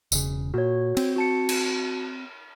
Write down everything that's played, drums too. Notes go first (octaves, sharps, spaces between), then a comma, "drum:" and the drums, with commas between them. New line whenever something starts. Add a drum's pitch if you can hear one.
E1 C#3, drum: tambourine
A#2 F#4 C#5
C4, drum: cymbal
F#4 A5 C#7
drum: cymbal